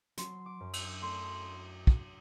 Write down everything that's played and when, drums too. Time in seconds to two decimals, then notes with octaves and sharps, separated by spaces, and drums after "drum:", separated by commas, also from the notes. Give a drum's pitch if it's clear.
0.17 F#3 C6, drum: hi-hat
0.46 D6
0.60 F#2
0.73 E6, drum: cymbal
1.02 A3 C6
1.87 drum: kick